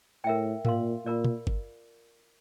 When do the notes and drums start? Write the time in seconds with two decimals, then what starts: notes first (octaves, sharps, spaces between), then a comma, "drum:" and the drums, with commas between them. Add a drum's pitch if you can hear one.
0.24 A2 A#4 E5 G5
0.65 A#2 A#4 F5 C6, drum: tom G#2
1.05 A#2 F4 A#4 D5
1.25 drum: tom A#2
1.47 drum: kick